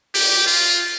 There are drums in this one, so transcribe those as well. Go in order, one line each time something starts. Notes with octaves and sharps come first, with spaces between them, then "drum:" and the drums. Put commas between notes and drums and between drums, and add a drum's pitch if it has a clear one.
G4, drum: open hi-hat
F4